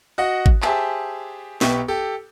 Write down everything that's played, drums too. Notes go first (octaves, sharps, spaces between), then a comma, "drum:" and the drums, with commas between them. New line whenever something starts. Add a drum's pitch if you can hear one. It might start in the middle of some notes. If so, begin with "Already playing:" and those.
F#4 D#5 F#5
drum: kick G#1
G4 G#4 C5 E5 G#5 A5, drum: clap
B1 B3 G4 E5 C#6, drum: snare B3
G4 A4